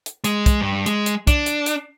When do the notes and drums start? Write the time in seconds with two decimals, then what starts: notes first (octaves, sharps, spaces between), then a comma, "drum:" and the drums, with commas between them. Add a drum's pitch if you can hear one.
0.06 drum: hi-hat
0.24 G#3, drum: hi-hat
0.46 drum: kick, hi-hat
0.61 G2
0.86 G#3, drum: hi-hat
1.06 drum: hi-hat
1.27 D4, drum: kick, hi-hat
1.46 drum: hi-hat
1.66 drum: hi-hat